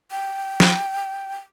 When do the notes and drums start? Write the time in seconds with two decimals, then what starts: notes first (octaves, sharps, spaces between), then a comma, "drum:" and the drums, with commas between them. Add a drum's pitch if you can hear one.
0.11 G5
0.60 drum: snare